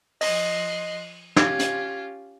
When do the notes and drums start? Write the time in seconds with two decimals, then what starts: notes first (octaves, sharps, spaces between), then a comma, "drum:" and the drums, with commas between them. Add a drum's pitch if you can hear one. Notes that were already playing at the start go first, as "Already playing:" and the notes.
0.21 F3 D#5 C6 F#6, drum: open hi-hat
1.36 C#4 F4 G4 G#6, drum: snare
1.59 drum: hi-hat